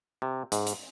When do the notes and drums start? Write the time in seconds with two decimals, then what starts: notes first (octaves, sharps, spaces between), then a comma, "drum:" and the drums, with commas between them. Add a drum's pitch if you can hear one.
0.22 C3
0.52 G#2, drum: hi-hat
0.67 drum: hi-hat